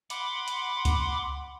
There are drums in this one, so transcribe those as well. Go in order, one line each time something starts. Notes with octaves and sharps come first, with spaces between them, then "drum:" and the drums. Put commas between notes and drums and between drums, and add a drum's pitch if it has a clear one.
F#5 B5 C6 D6, drum: hi-hat
drum: hi-hat
drum: kick C#2, hi-hat